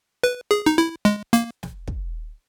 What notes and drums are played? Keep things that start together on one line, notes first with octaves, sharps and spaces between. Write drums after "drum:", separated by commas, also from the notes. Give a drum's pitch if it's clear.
B4
G#4
D#4
E4
G#3
A#3, drum: hi-hat
drum: snare
drum: kick